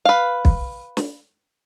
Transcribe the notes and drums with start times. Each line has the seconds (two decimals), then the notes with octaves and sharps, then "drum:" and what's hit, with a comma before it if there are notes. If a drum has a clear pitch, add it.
0.05 B4 F5
0.45 drum: kick
0.97 drum: snare